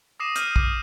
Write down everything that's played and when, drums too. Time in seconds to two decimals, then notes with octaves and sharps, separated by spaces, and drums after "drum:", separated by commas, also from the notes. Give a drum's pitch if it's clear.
0.20 D6 D#6 A#6 C7 D#7 E7
0.36 F6 G6 D#7, drum: hi-hat
0.56 D6 D#6, drum: kick